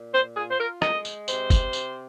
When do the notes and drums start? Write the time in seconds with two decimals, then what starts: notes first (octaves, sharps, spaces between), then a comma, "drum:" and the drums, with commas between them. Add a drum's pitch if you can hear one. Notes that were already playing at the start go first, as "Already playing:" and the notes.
Already playing: A#2
0.14 C5
0.36 F4 G#4
0.51 C5
0.59 A#4
0.82 G#3 D#5, drum: rim click
1.05 drum: tambourine
1.28 C3 C5, drum: tambourine
1.50 drum: kick, tambourine
1.73 drum: tambourine